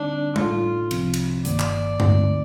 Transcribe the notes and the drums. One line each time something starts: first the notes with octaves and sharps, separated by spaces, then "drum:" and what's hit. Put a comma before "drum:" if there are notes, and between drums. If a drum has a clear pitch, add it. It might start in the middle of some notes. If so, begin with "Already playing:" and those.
Already playing: D3 G3 C4 D4 D#4
A1 A2 A3 D#4 F4 A4, drum: tom G3
C2 C3 F3 C4, drum: cymbal
drum: cymbal
G1 G2 D#3 A#3 D5, drum: hi-hat
drum: clap
D2 D3 A3 C4 D#4, drum: tom G2